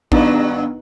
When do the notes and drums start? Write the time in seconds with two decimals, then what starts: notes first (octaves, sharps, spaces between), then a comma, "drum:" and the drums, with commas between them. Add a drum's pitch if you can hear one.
0.12 G2 D#3 F#3 B3 D4 D#4 B4, drum: kick